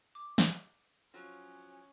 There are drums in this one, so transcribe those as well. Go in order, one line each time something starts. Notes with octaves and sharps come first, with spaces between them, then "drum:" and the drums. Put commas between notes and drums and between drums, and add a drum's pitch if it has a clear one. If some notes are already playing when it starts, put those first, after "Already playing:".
D6
drum: snare
F3 F#3 C#4